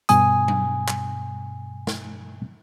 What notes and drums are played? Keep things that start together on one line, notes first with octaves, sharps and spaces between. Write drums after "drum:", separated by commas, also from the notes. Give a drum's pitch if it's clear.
G2 B2 G#5 D#6, drum: hi-hat
drum: tom F#3
drum: clap
drum: snare